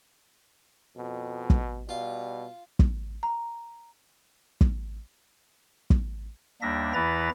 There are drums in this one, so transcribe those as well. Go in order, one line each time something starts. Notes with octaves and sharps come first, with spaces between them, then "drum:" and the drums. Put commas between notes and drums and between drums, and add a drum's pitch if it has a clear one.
F2 B2
drum: kick
B2 G3 F4
drum: kick
A#5
drum: kick
drum: kick
D#2 G3 A#3 D4 E5 A#6
E2 E3 E4 B4 A#5 A6